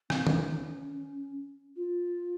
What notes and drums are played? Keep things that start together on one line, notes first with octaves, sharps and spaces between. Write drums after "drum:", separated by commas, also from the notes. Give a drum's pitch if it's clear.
C4, drum: rim click
C#4, drum: tom D#3
F4